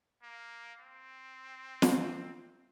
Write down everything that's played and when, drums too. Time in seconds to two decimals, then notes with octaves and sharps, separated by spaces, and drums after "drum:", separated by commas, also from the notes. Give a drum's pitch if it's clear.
0.23 A#3
0.80 C4
1.82 drum: snare